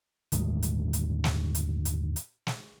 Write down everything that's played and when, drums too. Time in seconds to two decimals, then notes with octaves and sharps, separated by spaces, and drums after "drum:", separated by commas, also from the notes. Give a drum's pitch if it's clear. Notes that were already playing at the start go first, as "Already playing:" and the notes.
0.32 G1 D#2 A2 G#3, drum: hi-hat
0.63 drum: hi-hat
0.93 drum: hi-hat
1.24 drum: snare
1.55 drum: hi-hat
1.85 drum: hi-hat
2.16 drum: hi-hat
2.47 drum: snare